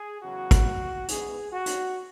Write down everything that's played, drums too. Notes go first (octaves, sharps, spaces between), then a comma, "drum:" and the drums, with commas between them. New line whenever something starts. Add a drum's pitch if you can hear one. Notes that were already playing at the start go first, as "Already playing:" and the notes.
Already playing: G#4
E2 C#3 F#3 F#4
drum: kick, hi-hat
G#2 E3 B3 G#4, drum: hi-hat
F#4
drum: hi-hat